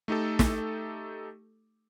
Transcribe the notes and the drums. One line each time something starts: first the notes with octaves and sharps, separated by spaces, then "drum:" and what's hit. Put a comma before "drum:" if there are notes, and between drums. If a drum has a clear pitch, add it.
A3 D#4 G4 A4
drum: snare